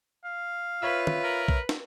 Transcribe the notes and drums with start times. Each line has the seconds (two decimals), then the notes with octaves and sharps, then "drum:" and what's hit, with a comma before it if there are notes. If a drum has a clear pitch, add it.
0.24 F5
0.82 F4 B4 C#5 E5 E6
1.07 drum: tom
1.24 A#4
1.48 drum: kick
1.69 drum: snare